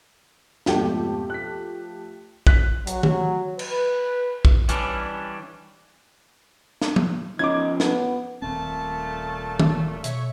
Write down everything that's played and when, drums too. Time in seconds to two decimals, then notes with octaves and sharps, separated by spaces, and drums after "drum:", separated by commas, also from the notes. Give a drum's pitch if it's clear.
0.66 F2 G#2 B2 F3 A3 G4, drum: snare
1.30 F#6 B6
2.47 F#6 B6, drum: kick
2.87 F#3, drum: hi-hat
3.03 drum: tom
3.59 B4, drum: cymbal
4.45 drum: kick
4.69 E3 G3 C#4 D4, drum: hi-hat
6.82 drum: snare
6.96 drum: tom F3
7.39 F3 C#4 D#4 D6 G#6
7.80 B3, drum: snare
8.42 D#1 A#2 A3 C4 A5
9.59 drum: tom
10.04 B2 C#5 E5, drum: hi-hat